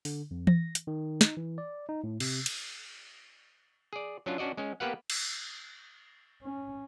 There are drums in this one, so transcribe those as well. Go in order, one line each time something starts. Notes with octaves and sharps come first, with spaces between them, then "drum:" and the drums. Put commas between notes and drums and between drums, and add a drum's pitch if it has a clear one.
D3, drum: open hi-hat
F2
A#6, drum: tom E3
drum: hi-hat
D#3
D#4, drum: snare
E3
D5
D#4
A2
C3, drum: cymbal
drum: cymbal
G#4 D5
F#3 C#4 D4 F4
C#4 D4 F#4 D5 D#5
G#3 C#4
A#3 B3 G4 B4 F5 F#5
drum: cymbal
C#4